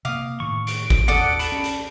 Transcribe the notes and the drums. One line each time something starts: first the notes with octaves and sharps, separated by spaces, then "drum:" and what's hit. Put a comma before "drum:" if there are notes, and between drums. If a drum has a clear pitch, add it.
C3 A#3 F5 D6 D#6
A2 D#3 C#6
D7, drum: hi-hat
drum: kick G1
D#2 A4 D5 F#5 D#6
A5 B5, drum: hi-hat
C#4
drum: hi-hat